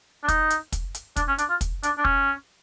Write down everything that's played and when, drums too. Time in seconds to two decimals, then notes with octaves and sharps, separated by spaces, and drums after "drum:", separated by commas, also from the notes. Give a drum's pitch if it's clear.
0.23 D4
0.28 D#4, drum: kick, hi-hat
0.50 drum: hi-hat
0.72 drum: kick, hi-hat
0.95 drum: hi-hat
1.16 D4, drum: kick, hi-hat
1.28 C#4
1.38 D4, drum: hi-hat
1.49 F4
1.61 drum: kick, hi-hat
1.83 D4, drum: hi-hat
1.98 D4
2.05 C#4, drum: kick